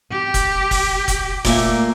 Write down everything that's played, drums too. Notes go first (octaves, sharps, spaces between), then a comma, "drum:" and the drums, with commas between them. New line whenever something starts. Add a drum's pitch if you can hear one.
G4
drum: kick F1, hi-hat
drum: kick F1, open hi-hat
drum: kick F1, hi-hat
A#2 A3 A#3, drum: kick F1, open hi-hat